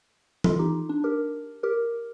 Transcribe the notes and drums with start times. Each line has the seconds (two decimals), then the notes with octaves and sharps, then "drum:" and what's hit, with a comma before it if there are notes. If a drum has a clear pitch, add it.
0.44 F4 A4, drum: tom E3
0.59 D#4 G4
0.89 D4
1.04 G4 A#4
1.63 G4 A#4